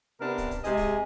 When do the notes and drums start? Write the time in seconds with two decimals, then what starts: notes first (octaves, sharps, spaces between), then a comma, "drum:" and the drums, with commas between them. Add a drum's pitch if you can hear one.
0.21 C3 B3 D4 A#4
0.38 drum: kick, hi-hat
0.51 drum: kick, hi-hat
0.64 C3 G#3 G#4 D#5 G#5, drum: hi-hat
0.77 drum: kick, open hi-hat